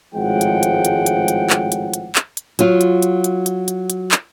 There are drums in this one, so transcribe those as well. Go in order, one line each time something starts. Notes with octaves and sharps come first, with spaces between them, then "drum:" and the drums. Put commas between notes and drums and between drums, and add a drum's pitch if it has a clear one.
G#1 A2 F3 G#3 F#5 G5
drum: hi-hat
drum: hi-hat
drum: hi-hat
drum: hi-hat
drum: hi-hat
drum: clap
drum: hi-hat
drum: hi-hat
drum: clap
drum: hi-hat
F#3 F4, drum: hi-hat
drum: hi-hat
drum: hi-hat
drum: hi-hat
drum: hi-hat
drum: hi-hat
drum: hi-hat
drum: clap